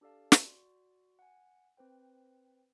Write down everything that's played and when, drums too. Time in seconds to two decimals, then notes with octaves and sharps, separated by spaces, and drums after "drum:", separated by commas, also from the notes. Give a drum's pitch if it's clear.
0.01 D4 G4 A4 D5 F5 A5
0.32 drum: snare
0.45 F#4 D5 C6
1.19 F#5 G#5
1.77 C4 B4 C5 G5